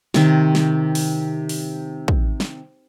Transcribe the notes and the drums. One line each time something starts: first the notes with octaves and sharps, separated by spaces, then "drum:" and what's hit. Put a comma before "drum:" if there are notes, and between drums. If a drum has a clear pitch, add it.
C3 D#3, drum: snare
drum: snare
drum: open hi-hat
drum: open hi-hat
drum: kick
drum: snare